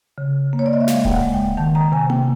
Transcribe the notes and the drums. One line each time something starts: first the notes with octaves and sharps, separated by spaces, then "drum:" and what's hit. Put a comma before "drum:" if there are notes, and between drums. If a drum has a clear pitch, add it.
C#3
A#3
C#5
D5
D#5
E5
G#3 F5, drum: snare
G5, drum: kick D1
F#5
G#3
G5
D#3 A5
A#5
C3 G#5
G5, drum: tom A#3